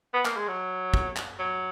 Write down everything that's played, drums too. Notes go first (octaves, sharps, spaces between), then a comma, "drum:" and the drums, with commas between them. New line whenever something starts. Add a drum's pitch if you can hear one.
B3
A#3, drum: clap
G#3
F#3
drum: kick
drum: clap
F#3